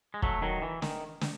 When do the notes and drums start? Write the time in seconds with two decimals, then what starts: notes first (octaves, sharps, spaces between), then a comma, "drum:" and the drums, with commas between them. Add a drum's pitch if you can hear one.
0.14 G#3
0.22 F#3 A3, drum: kick
0.42 D#3 F#3
0.62 E3
0.82 D#3, drum: snare
1.21 drum: snare